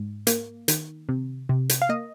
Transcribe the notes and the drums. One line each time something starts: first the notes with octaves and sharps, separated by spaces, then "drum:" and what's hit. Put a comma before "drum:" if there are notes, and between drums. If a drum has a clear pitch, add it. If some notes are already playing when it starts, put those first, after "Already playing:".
Already playing: G#2
A#3, drum: hi-hat
D#3, drum: hi-hat
C3
C3
drum: hi-hat
F5
A#3 D#5